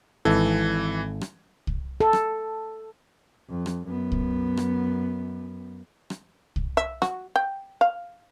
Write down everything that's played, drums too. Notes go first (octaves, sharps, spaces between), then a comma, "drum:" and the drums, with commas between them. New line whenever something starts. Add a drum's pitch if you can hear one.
G#1 E3 A4
drum: rim click
drum: kick C2
A4
drum: rim click
F2
drum: rim click
F#2 B3
drum: kick C2
drum: rim click
drum: rim click
drum: kick C2
E5
F#4, drum: rim click
G5
F5